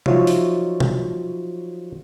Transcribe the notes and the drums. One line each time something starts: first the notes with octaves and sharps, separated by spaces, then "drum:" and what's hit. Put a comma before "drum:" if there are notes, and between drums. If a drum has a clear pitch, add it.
F3 F#3 D#4 F4 C#5 E5, drum: tom C3
drum: open hi-hat
drum: tom B2